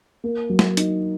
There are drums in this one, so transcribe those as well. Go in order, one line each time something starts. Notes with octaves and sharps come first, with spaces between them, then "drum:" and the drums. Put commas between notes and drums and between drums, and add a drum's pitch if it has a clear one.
A#3
F#3
drum: snare
D#4, drum: hi-hat